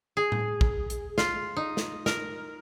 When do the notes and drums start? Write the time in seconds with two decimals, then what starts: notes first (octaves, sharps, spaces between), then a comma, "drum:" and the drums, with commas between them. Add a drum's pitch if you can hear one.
0.17 G#4
0.32 drum: tom A2
0.61 drum: kick
0.90 drum: hi-hat
1.18 F4, drum: snare
1.57 D#4
1.77 drum: snare
2.06 A#4, drum: snare